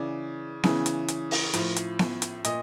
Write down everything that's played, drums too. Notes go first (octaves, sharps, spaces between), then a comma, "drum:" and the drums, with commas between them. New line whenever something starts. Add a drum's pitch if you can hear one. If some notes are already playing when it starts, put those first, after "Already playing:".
Already playing: C#3 E3 D5
C#3 E3, drum: snare B3
drum: hi-hat
drum: hi-hat
drum: open hi-hat
A2 F3, drum: hi-hat
drum: hi-hat
drum: snare B3
drum: hi-hat
A#2 D#5, drum: hi-hat